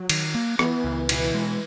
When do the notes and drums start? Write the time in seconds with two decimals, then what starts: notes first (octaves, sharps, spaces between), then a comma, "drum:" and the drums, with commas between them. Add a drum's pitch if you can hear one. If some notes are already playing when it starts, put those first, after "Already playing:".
Already playing: F#3
0.10 D#3, drum: cymbal
0.35 A#3
0.59 E3 B3, drum: rim click
0.84 C#2
1.09 B2 E3, drum: cymbal
1.34 G#3